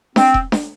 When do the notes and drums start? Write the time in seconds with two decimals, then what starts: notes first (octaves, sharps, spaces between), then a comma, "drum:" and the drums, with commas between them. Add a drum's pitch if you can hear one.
0.16 C4, drum: snare D4
0.34 drum: kick E1
0.52 drum: snare D4